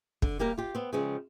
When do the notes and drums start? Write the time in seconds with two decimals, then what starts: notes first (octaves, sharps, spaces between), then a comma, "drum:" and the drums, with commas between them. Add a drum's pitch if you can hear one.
0.22 D3, drum: kick
0.39 G3 A#3 G4 A#4
0.58 F4 G4
0.75 B3 C4
0.93 C#3 F3 G#3 C4